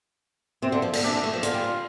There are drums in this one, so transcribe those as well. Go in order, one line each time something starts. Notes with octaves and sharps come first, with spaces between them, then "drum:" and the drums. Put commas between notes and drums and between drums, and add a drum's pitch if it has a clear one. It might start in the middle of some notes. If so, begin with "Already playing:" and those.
C3 C4
D3
F3
D3, drum: cymbal
C3 D4
D3
A3
F3
D3 F4, drum: hi-hat
G3
D3